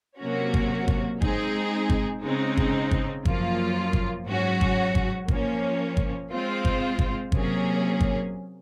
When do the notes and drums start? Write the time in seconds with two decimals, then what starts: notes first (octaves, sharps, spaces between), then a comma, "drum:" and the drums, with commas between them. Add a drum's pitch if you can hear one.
0.20 C3 F#3 A#3 C#4 F#4
0.54 drum: kick G1
0.88 drum: kick G1
1.22 G#3 C4 D#4 G#4, drum: kick G1
1.89 drum: kick G1
2.23 C#3 G#3 C4 D#4
2.57 drum: kick G1
2.91 drum: kick G1
3.25 F#2 F3 A#3 F4, drum: kick G1
3.93 drum: kick G1
4.27 G#2 F#3 C#4 F#4
4.61 drum: kick G1
4.95 drum: kick G1
5.28 F3 A#3 C#4, drum: kick G1
5.97 drum: kick G1
6.31 G#3 C4 F4 C5
6.65 drum: kick G1
6.99 drum: kick G1
7.32 C3 F#3 A#3 C#4 G#4, drum: kick G1
8.00 drum: kick G1